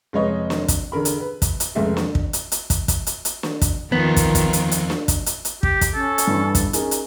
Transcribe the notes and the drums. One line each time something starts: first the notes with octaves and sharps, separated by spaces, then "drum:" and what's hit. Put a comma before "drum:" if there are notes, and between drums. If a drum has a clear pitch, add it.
F1 G#3 B4 C#5 D#5
drum: snare
drum: kick, hi-hat
E1 D3 A#4 B5
drum: hi-hat
B4
drum: kick, hi-hat
drum: hi-hat
F1 C#2 G#3 A3 E5
drum: snare
drum: kick
drum: hi-hat
drum: hi-hat
drum: kick, hi-hat
drum: kick, hi-hat
drum: hi-hat
drum: hi-hat
drum: snare
drum: kick, hi-hat
E2 D#3 F3 B3 F4
drum: kick, hi-hat
drum: kick, hi-hat
drum: hi-hat
drum: hi-hat
drum: snare
drum: kick, hi-hat
drum: hi-hat
drum: hi-hat
G4, drum: kick
drum: kick, hi-hat
C#4 A4
drum: hi-hat
G2 E3 B3
drum: kick, hi-hat
C#4 D#4 G#4 A#4, drum: hi-hat
drum: hi-hat